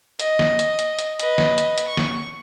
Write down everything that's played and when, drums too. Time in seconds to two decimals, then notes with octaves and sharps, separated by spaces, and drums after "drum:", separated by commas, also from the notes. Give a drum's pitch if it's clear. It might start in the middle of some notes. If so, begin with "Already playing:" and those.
0.19 D#5, drum: hi-hat
0.39 drum: snare
0.59 drum: hi-hat
0.79 drum: hi-hat
0.99 drum: hi-hat
1.20 B4 D#5, drum: hi-hat
1.38 drum: snare
1.58 drum: hi-hat
1.78 drum: hi-hat
1.87 C#6
1.97 drum: snare